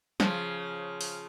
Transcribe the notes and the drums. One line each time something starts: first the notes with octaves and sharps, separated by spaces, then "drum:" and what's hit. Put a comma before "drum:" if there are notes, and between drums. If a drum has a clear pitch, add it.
C#3 F3, drum: snare
drum: open hi-hat